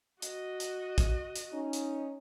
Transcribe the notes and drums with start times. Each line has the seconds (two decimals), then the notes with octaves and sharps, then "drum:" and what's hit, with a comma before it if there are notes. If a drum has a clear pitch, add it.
0.22 F#4 D#5, drum: hi-hat
0.60 drum: hi-hat
0.98 drum: kick, hi-hat
1.36 drum: hi-hat
1.52 C#4 D#4
1.73 drum: hi-hat